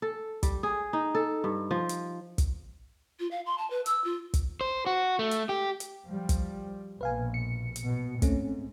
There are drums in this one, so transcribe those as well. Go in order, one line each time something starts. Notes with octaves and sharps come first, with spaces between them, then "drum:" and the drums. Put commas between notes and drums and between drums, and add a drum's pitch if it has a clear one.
A4
G3, drum: kick, hi-hat
G#4
D#4
A4
G2
F3
drum: hi-hat
drum: kick, hi-hat
F4
F5
C6
A5
B4
E6, drum: hi-hat
F4
drum: kick, hi-hat
C5
F#4
A3
drum: hi-hat
G4
drum: hi-hat
F3 G3
drum: kick, hi-hat
A#1 B2 B4 F5 G#5
C#7
drum: hi-hat
B2
G#2 A3 C4 C#4, drum: kick, hi-hat